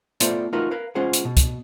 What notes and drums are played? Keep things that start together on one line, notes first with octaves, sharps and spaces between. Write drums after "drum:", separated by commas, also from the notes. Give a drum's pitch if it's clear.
A3 B3 F4 A4 C5 D5, drum: hi-hat
A3 D#4 F4 F#4 A#4 B4
A#4 B4 F5
G#3 C#4 F4 G#4 C5 F#5
drum: hi-hat
B2
drum: kick, hi-hat